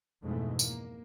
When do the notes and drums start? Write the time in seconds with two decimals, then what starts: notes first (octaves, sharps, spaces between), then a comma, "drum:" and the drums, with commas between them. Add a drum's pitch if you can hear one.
0.22 F2 G#2 B2 E3 A3
0.59 A#3, drum: tambourine